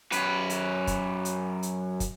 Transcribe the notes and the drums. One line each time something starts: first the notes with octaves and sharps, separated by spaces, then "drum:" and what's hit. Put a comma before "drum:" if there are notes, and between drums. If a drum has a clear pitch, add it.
F#2 B4, drum: hi-hat
drum: hi-hat
drum: kick, hi-hat
drum: hi-hat
drum: hi-hat
drum: kick, hi-hat